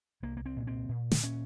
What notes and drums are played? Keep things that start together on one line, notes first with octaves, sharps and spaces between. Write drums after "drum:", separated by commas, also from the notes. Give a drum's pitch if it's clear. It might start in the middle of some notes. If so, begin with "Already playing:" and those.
C2 A#3
A#3
C4
A#2
C4
A#2
drum: snare
A#2 C#4